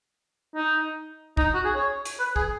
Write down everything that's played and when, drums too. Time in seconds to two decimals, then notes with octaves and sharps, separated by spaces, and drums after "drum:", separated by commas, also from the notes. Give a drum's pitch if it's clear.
0.56 D#4
1.37 D#4, drum: kick
1.54 F#4
1.65 G#4
1.76 C#5
2.06 drum: hi-hat
2.19 B4
2.36 G#4, drum: kick